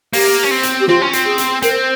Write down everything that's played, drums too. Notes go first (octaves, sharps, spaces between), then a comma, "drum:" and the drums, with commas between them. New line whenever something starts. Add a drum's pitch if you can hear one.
A#3 G4, drum: open hi-hat
C#4
C4
drum: hi-hat
G4
C4 F4, drum: snare
C#4
C4, drum: hi-hat
G#4
drum: hi-hat
C4 A#4, drum: hi-hat